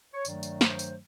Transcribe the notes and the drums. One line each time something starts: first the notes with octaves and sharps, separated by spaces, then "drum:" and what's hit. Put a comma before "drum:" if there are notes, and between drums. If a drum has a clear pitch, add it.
C#5
G2 D#3 F#3 A3 D5, drum: tambourine
drum: tambourine
C5, drum: snare
drum: tambourine